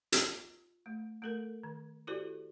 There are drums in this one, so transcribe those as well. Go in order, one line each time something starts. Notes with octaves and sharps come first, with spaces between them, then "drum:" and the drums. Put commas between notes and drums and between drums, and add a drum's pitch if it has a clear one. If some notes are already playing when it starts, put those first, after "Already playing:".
D#4 F4, drum: hi-hat
A3
A3 A4 A#4
D#3
E4 F#4 G4 A4 C5 D5